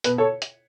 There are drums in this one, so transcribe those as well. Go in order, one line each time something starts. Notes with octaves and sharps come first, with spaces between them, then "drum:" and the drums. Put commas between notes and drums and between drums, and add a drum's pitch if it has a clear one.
B2 B4, drum: hi-hat
A4 C#5
drum: hi-hat